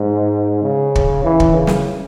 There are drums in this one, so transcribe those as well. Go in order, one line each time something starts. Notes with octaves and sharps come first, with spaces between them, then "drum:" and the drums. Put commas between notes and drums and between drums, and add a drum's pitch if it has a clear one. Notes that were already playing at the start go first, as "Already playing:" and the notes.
Already playing: G#2
C#3
drum: kick
E3
drum: kick
C#3
drum: snare